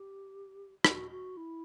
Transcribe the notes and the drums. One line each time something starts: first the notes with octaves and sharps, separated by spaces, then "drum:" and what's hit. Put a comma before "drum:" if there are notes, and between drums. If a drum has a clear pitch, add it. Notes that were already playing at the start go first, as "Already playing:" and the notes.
Already playing: G4
F#4, drum: rim click
F#4
E4